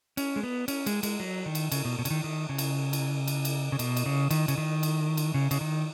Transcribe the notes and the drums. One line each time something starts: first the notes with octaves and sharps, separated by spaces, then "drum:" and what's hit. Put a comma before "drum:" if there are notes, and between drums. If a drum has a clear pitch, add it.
C#4, drum: cymbal
G#3
B3
C#4, drum: cymbal
G#3, drum: cymbal
G#3, drum: cymbal
F#3
D#3
drum: cymbal
C#3, drum: cymbal
B2
B2
C#3, drum: cymbal
D#3
D#3
C#3
drum: cymbal
drum: cymbal
drum: cymbal
drum: cymbal
C#3
B2, drum: cymbal
drum: cymbal
C#3
D#3, drum: cymbal
C#3, drum: cymbal
D#3
drum: cymbal
drum: cymbal
C#3
C#3, drum: cymbal
D#3